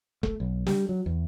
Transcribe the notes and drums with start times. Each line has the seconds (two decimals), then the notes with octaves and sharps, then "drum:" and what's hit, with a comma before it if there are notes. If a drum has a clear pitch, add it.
0.23 A3, drum: kick E1
0.40 B1
0.67 G3, drum: snare
0.89 F#3
1.06 E2